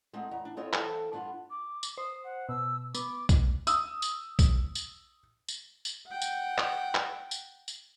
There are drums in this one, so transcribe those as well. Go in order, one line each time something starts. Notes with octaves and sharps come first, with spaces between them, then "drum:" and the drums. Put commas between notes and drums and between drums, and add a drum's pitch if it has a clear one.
G#3 A3 C4 D#4 F#5
E2 A#5
D4
B3 C4 F4 A4 C#5 D#5
E3 A4 C5 F5 G5 A5, drum: clap
G2 B3 D4 F4 F#5
D6
drum: tambourine
C5 D#6
F#5
B2 E6
B3 D6, drum: tambourine
drum: kick, tambourine
D#6 E6, drum: tambourine
drum: tambourine
drum: kick, tambourine
drum: tambourine
drum: tambourine
drum: tambourine
F#5 G5
drum: tambourine
drum: clap
drum: clap
drum: tambourine
drum: tambourine